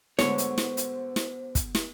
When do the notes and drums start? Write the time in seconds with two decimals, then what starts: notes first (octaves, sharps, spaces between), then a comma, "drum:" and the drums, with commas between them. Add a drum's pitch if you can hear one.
0.19 G#2 D3 A3 B3 F#4 C5 C#5, drum: snare
0.38 drum: hi-hat
0.58 drum: snare
0.77 drum: hi-hat
1.16 drum: snare
1.55 drum: kick, hi-hat
1.75 drum: snare